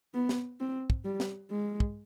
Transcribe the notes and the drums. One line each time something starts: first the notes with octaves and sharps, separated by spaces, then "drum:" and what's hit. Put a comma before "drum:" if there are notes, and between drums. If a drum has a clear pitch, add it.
B3
drum: snare
C4
drum: kick
G3
drum: snare
G#3
drum: kick